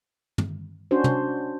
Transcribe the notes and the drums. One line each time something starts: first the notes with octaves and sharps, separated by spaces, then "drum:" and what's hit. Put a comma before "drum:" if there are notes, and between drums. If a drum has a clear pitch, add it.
drum: tom
C#4 D4 F#4 C5
drum: tom